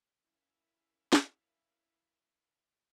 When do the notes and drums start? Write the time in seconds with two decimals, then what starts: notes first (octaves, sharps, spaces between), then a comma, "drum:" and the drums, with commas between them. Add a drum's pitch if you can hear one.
0.20 C#4 E4 A#4 E5 F5 B5
1.13 drum: snare